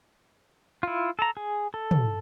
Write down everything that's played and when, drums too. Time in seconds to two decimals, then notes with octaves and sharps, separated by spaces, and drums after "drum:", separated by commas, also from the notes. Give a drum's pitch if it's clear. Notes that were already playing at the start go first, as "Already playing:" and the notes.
0.83 E4 F4
1.19 A4 A#5
1.37 G#4
1.74 A4
1.91 drum: tom